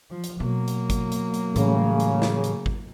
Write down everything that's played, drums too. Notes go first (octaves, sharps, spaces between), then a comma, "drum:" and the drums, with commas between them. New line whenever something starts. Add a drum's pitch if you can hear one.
F3
drum: hi-hat
B2 F#3 A#3
drum: hi-hat
drum: kick G#1, hi-hat
drum: hi-hat
drum: hi-hat
A2 C#3 E3 G3 A3, drum: hi-hat
drum: hi-hat
drum: snare
drum: hi-hat
drum: kick G#1